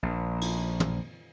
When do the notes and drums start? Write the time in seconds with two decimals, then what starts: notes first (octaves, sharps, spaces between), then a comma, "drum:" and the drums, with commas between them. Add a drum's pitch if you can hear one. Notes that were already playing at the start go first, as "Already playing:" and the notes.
0.03 A#1
0.41 drum: cymbal
0.80 drum: tom